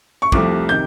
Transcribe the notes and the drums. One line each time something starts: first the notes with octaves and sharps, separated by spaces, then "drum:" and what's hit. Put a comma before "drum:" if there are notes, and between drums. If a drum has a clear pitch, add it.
C#6
C2 C3 F3 A3 D6, drum: kick
C3 D#3 G6